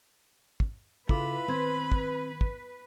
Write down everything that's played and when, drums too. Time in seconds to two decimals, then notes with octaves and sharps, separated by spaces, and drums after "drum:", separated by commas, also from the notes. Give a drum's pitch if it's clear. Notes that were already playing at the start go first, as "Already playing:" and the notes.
0.60 drum: kick
1.09 C#3 E4 F4 A4 B4 B5 D6, drum: kick
1.48 D#3 C4 G#6
1.92 drum: kick
2.41 drum: kick